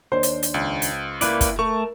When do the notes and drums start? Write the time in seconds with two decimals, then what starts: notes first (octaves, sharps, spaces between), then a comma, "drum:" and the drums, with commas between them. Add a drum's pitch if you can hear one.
0.12 D#2 D4 C5
0.23 drum: hi-hat
0.43 drum: hi-hat
0.54 C#2
0.82 drum: hi-hat
1.21 A#3 E4 B4 D5, drum: hi-hat
1.41 drum: kick, hi-hat
1.59 A3 A#4 C#6